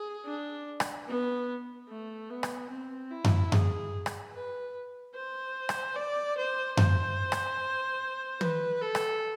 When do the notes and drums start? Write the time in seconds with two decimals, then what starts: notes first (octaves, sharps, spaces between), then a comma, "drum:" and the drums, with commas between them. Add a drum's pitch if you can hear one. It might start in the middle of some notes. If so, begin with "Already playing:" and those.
Already playing: G#4
0.26 D4
0.80 drum: rim click
1.08 B3
1.89 A3
2.29 B3
2.43 drum: rim click
2.70 C4
3.11 E4
3.24 drum: tom F#2
3.52 G#4, drum: tom F#2
4.06 drum: rim click
4.33 B4
5.15 C5
5.69 drum: rim click
5.96 D5
6.37 C5
6.77 C5, drum: tom F#2
7.32 drum: rim click
8.41 B4, drum: tom
8.81 A4
8.95 drum: rim click